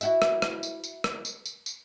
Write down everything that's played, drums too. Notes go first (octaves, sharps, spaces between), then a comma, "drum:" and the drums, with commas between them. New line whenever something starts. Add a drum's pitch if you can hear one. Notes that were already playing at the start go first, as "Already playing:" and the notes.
E4 F#4 E5, drum: tambourine
drum: rim click
drum: rim click
drum: tambourine
drum: tambourine
drum: rim click
drum: tambourine
drum: tambourine
drum: tambourine